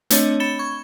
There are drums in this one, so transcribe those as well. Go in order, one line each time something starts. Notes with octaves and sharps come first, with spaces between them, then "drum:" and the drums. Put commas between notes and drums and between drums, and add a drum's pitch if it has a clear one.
A3 C4 D4 C#5 D#5, drum: hi-hat
B5 A6 C#7 E7 G7
C#6 G#6